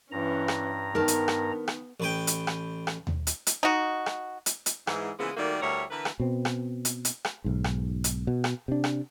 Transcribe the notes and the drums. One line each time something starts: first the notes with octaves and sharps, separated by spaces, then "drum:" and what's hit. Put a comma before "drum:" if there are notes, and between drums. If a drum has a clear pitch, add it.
G2 E3 C#4 A#5
drum: rim click
D#3 B3 A#4 A5
drum: hi-hat
drum: rim click
drum: rim click
A1 B4 G5
drum: hi-hat
drum: rim click
drum: rim click
drum: tom D#2
drum: hi-hat
drum: hi-hat
D#4 F#4
drum: rim click
drum: hi-hat
drum: hi-hat
G#2 E3 G#3, drum: rim click
C#3 E3 F3 G#3 A#3 B3
D#3 G3 A3 A#3 F#4 D5
D2 G3 D4 E4 A#4 C#5
D3 E3 A#4 B4
drum: rim click
B2 C4
drum: rim click
drum: hi-hat
drum: hi-hat
drum: rim click
B1 G#2
drum: rim click
drum: hi-hat
B2
drum: rim click
C3 D4
drum: rim click